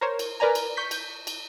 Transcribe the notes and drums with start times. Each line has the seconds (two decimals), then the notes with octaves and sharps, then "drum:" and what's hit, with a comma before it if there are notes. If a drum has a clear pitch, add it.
0.01 A#4 C5 C#5
0.19 drum: cymbal
0.40 A#4 B4 D5 G#5 A#5
0.55 drum: cymbal
0.77 C#6 G6 B6
0.91 drum: cymbal
1.27 drum: cymbal